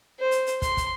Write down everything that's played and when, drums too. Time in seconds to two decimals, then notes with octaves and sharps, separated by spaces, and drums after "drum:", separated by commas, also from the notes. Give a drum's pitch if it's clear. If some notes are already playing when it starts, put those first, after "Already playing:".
0.20 C5
0.31 drum: hi-hat
0.47 drum: hi-hat
0.62 C6, drum: kick, hi-hat
0.77 drum: kick, hi-hat